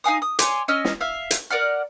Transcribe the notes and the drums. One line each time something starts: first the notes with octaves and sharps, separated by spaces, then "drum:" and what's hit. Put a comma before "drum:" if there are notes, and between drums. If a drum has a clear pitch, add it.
D#4 F5 G#5 D#6
D#6
C#5 G#5 C6 D6, drum: hi-hat
C#4 D#5 E6 F6
drum: snare
E5 F5
drum: hi-hat
A#4 D5 F#5 F6